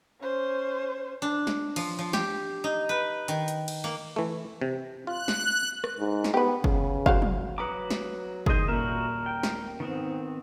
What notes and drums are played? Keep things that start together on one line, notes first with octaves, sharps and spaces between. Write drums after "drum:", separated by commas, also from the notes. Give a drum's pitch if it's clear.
C#4 C5
D4
drum: snare
F3, drum: cymbal
F3
G4, drum: snare
D#4
B4
D#3, drum: hi-hat
drum: hi-hat
drum: cymbal
A#3
E3 A3
C3
F4 F#6
drum: snare
drum: rim click
G#2
drum: snare
B3 G4 B4
C#3, drum: kick F#1
F#4 C5 F5, drum: kick F#1
drum: tom
F#3 B4 A#5 D6 D#6 C#7
drum: snare
D#3 G#4 D#5 C6 G6, drum: kick F#1
D#1 A#2 A#3 F#4 A#4 E5
G5
drum: snare
G#2 D#3 B3 C4